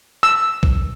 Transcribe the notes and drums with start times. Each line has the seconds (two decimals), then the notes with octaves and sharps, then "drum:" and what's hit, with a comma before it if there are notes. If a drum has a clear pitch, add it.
0.23 E6
0.63 drum: kick